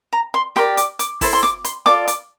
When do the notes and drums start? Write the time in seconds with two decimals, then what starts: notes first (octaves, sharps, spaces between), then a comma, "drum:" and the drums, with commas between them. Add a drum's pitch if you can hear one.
0.13 A#5
0.34 C6
0.56 G4 A#4 D5 C6, drum: snare
0.77 D6, drum: hi-hat
0.99 D6, drum: hi-hat
1.21 E4 A4 C5 C6, drum: kick, open hi-hat
1.33 C6
1.43 D6, drum: snare
1.65 C6, drum: hi-hat
1.86 F4 A4 D5 D6, drum: snare
2.08 D6, drum: hi-hat